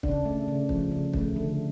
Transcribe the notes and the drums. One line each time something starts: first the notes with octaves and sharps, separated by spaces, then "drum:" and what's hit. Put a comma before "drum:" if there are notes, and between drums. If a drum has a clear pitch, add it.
C#3 D4, drum: kick
A3
C#3
F3, drum: kick
C#3
A3, drum: kick
D3